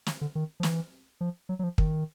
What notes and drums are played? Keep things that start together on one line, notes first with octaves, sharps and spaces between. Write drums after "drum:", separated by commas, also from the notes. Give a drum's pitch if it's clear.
drum: snare
D3
D#3
F3
E3, drum: snare
F3
F#3
F#3
F3
D#3, drum: kick